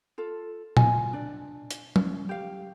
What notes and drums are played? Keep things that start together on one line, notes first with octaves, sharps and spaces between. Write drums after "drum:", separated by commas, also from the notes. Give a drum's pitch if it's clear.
F4 A4
F4 D#5 G#5, drum: tom A#2
D4 D5
drum: hi-hat
C#4, drum: tom F#3
G4 F5